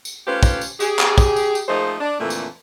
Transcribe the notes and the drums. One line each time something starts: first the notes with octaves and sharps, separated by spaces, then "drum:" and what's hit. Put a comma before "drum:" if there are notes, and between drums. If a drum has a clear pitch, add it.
drum: tambourine
A3 C#4 F4 G4 B4 C5
drum: kick, tambourine
drum: tambourine
G4 G#4, drum: tambourine
drum: clap
drum: kick, tambourine
drum: tambourine
drum: tambourine
F3 A3 A#3 D#4 G#4 C5
D4
F2 A#2 D3 E3 A3
drum: tambourine